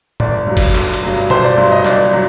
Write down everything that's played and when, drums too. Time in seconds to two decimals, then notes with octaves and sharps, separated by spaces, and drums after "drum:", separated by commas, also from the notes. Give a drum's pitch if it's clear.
0.20 G1 D5, drum: tom A2
0.47 G2 F#3
0.57 drum: kick F#1, cymbal
0.75 G1, drum: clap
0.93 drum: cymbal
1.03 G2 F#3
1.30 G1 C5, drum: tom B2
1.44 D5
1.58 G2 F#3
1.72 D#5
1.85 G1 D5, drum: clap
2.13 F#3